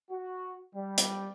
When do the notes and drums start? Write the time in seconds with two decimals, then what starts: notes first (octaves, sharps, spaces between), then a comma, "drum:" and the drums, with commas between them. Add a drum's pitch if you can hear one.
0.10 F#4
0.75 G3
0.98 drum: hi-hat